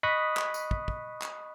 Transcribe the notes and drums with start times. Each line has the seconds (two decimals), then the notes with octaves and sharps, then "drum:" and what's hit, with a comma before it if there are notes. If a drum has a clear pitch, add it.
0.03 D#5 B5 C#6 D#6 F#6 B6
0.37 drum: clap
0.54 drum: tambourine
0.71 drum: kick
0.88 drum: kick
1.22 drum: clap